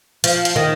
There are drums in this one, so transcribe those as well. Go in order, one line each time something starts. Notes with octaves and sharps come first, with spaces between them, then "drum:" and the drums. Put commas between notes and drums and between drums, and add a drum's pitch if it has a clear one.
F3, drum: hi-hat
drum: hi-hat
D#3